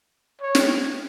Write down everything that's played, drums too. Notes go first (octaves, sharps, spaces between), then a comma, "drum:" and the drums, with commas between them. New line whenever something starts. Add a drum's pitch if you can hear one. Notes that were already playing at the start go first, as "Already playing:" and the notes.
C#5
drum: snare